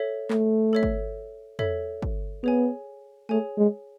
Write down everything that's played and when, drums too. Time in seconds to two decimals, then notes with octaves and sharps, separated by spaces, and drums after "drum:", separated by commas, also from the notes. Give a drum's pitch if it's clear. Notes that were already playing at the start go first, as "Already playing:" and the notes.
Already playing: A4 C#5 E5
0.30 A3, drum: clap
0.73 A4 C#5 E5
0.83 drum: kick
1.59 A4 C#5 E5, drum: tom
2.02 drum: kick
2.43 B3 G#4 C#5 G#5
3.29 A3 G#4 C#5 G#5
3.58 G#3